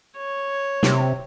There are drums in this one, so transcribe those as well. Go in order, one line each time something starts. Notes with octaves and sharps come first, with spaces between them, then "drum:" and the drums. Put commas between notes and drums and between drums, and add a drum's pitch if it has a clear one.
C#5
C3, drum: snare